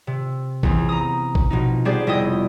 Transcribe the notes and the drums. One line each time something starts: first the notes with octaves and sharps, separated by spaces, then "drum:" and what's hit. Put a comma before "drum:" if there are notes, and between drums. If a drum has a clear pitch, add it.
C3
E2 E3 C4, drum: kick A1
A#5 D#6
drum: kick A1
B2 F3 D#4
G3 B3 G4 G#4 C5 D5
F1 E4 D#5 G5 D#6